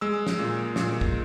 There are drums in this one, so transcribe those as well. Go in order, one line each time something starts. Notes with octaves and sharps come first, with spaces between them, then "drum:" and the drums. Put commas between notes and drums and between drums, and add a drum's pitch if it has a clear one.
G#3 E6
drum: snare
A#2
A#2, drum: snare
drum: kick